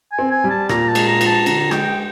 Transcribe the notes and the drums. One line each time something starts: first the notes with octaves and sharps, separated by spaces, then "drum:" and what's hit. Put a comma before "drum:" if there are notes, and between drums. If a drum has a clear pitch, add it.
G#5
C4
G#5
G3
A5
A#2 A#5, drum: rim click
A5
G#3, drum: cymbal
A#5
F3, drum: cymbal
A5
D3 A#5, drum: cymbal
G#3 G5, drum: rim click